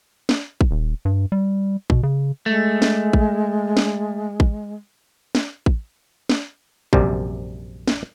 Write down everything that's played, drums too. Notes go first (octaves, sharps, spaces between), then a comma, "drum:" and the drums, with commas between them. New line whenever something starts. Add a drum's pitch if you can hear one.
drum: snare
drum: kick A1
D#1
G2
G3
B2, drum: kick A1
C#3
G#3 A3
drum: snare
drum: kick A1
drum: snare
drum: kick A1
drum: snare
drum: kick A1
drum: snare
A#1 F#2 C3 G3, drum: kick A1
drum: snare